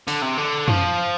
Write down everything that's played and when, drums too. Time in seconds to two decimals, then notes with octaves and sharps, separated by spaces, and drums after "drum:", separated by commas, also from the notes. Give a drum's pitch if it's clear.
0.08 D3, drum: open hi-hat
0.22 C3
0.38 D3
0.68 F3, drum: tom